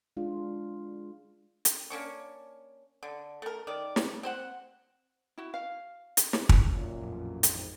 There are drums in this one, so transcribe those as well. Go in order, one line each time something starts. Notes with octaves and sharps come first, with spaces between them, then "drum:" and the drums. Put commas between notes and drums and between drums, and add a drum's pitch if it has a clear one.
G#3 D4 F4
drum: hi-hat
A#3 C#4 D4 C#6
D3
A3 A#4
D#3 D5
drum: snare
C4 C5 F#5
E4 F#4
F5
drum: hi-hat
drum: snare
drum: kick
F#2 A#2
A1 F2
G#1, drum: hi-hat